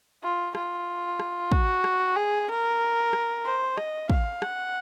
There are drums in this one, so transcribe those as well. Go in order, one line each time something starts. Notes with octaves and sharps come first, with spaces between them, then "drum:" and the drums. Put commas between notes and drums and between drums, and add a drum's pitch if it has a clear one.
F4
F4, drum: rim click
drum: rim click
F#4, drum: kick
drum: rim click
G#4
A#4
drum: rim click
C5
D#5, drum: rim click
F5, drum: kick
F#5, drum: rim click